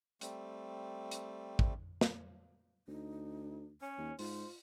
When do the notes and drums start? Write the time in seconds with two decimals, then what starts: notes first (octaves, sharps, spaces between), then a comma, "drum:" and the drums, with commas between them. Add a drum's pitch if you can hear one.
0.21 G3 A3 C4, drum: hi-hat
1.11 drum: hi-hat
1.59 drum: kick A1
2.01 drum: snare
2.88 D2 D#4
3.82 C#4 C#5
3.98 D#2
4.19 G#2 F4 C5, drum: open hi-hat